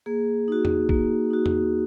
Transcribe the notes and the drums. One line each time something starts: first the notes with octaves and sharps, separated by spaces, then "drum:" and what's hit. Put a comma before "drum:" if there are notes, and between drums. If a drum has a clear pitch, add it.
A#3 G#4
D#4 F#4
drum: tom E2
A#3, drum: kick B1
D#4 F#4
drum: tom E2